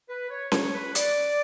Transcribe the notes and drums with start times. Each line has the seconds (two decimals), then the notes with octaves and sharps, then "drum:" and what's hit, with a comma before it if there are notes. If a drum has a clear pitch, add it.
0.09 B4
0.30 C#5
0.52 C#5, drum: snare C#4
0.74 B4
0.95 D5, drum: hi-hat